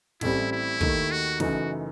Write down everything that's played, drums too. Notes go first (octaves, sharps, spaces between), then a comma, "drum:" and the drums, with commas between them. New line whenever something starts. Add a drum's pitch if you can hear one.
A1 A2 G3 C4 E4, drum: snare
E4
D#2 D#3 A3, drum: kick
F#4
F#1 F#2 E3 A3 D#4 F#4, drum: snare